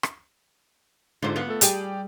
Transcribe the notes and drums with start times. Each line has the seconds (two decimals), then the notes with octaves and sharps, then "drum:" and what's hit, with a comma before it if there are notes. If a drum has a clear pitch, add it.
0.03 drum: rim click
1.22 G#2 D3 F4 C5
1.36 B3 F4
1.48 A3 A4
1.61 G3 G4 G#4 D5 G5, drum: hi-hat